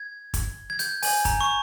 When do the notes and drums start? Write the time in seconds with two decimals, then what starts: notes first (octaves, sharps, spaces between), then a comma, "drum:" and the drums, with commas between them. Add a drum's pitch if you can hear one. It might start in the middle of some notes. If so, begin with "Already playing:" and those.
Already playing: G#6
0.34 drum: kick, hi-hat
0.70 G#6
0.79 G6, drum: hi-hat
1.02 G#5, drum: open hi-hat
1.25 A#5, drum: kick, hi-hat
1.41 C#6